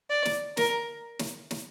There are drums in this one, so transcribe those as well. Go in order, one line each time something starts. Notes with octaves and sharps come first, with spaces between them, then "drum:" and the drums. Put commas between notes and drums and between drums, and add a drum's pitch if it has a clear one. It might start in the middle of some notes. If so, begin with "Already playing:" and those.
D5
drum: snare
A#4, drum: snare
drum: snare
drum: snare